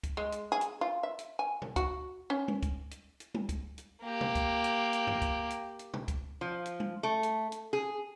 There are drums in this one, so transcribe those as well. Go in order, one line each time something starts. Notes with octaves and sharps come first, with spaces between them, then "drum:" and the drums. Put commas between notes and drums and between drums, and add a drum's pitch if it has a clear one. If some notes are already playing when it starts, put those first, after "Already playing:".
drum: kick, hi-hat
G#3
drum: hi-hat
G#4
drum: hi-hat
F4
E5
drum: hi-hat
G#5
drum: tom
F#4, drum: kick, hi-hat
C#4
drum: tom G3
drum: kick, hi-hat
drum: hi-hat
drum: hi-hat
drum: tom G3
drum: kick, hi-hat
drum: hi-hat
A#3 G4
drum: tom
drum: kick, hi-hat
drum: hi-hat
drum: hi-hat
drum: tom F#2
drum: kick, hi-hat
drum: hi-hat
drum: hi-hat
drum: tom
drum: kick, hi-hat
F3
drum: hi-hat
drum: tom G3
A3
drum: hi-hat
drum: hi-hat
G#4